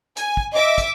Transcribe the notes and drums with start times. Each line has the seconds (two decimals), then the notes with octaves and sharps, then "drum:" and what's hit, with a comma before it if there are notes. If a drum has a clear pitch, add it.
0.17 G#5, drum: hi-hat
0.37 drum: kick
0.53 D#5 E5 D6
0.78 drum: kick, hi-hat